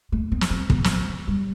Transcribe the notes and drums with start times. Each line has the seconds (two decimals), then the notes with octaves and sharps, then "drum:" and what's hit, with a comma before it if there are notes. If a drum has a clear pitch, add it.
0.12 A3
0.32 B3
0.41 drum: snare
0.50 C4
0.70 B3, drum: kick
0.84 drum: snare
1.27 G3